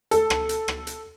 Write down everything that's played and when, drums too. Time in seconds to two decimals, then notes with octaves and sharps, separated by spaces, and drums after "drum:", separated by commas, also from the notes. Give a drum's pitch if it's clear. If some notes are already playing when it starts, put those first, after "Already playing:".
0.11 A4, drum: hi-hat
0.30 drum: rim click
0.49 drum: hi-hat
0.68 drum: rim click
0.87 drum: hi-hat